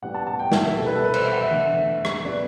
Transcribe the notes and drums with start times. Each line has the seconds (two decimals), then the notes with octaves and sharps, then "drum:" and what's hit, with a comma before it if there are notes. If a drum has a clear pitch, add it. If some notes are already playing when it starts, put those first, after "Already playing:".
0.02 A2 G3 B3 F#5
0.14 A5
0.27 A5
0.39 G5
0.52 E5, drum: snare
0.64 E5
0.76 B2 G3 B3 A4
0.86 B4
0.95 A4
1.04 B4
1.14 C5, drum: cymbal
1.23 E5
1.32 F#5
1.41 E5
1.51 E2 D3 A3
2.05 drum: rim click
2.25 A2 G3 B3 D5